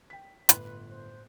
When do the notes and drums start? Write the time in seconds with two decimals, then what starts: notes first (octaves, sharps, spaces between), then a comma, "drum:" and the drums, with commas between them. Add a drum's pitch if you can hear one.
0.10 G5 B6
0.49 G1 A2 B4 C6 F#6, drum: hi-hat
0.89 C5